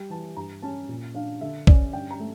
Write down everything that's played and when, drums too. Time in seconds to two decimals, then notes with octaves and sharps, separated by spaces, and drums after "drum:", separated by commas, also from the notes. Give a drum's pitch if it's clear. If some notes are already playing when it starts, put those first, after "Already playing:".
Already playing: G3 G5
0.10 E3 A5
0.37 G2 A#5
0.62 C#4 A5
0.89 A#2
1.15 D4 F5
1.41 D3 E5
1.67 C#4 D5, drum: kick
1.93 G2 G5
2.10 A#5
2.20 A3